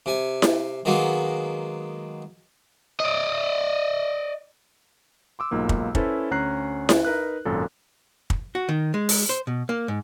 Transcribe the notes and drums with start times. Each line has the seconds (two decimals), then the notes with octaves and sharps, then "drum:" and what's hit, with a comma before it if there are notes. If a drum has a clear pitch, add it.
0.06 C3 G#5
0.42 drum: snare E4
0.85 D#3 F#3 G#3 A#3 B3
3.00 D5 D#5
5.39 C6 D6 E6
5.51 B1 G#2 A#3 F4
5.69 drum: kick
5.95 C#4 E4 A4 B4 C5, drum: kick
6.31 D2 C#4 A#5 F#6 C7
6.89 drum: snare E4
7.05 D#4 A#4 B4 F#6
7.45 G#1 F#2 A#2 A4
8.30 drum: kick
8.55 F#4
8.69 D#3
8.94 G#3
9.09 drum: open hi-hat
9.29 C5
9.47 B2
9.69 A#3
9.88 G#2